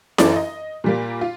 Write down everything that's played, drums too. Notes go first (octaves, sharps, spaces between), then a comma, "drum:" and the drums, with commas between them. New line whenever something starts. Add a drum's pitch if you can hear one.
F#2 E3 A4 D5, drum: snare E4
D#5
A#2 G3 A#3
F4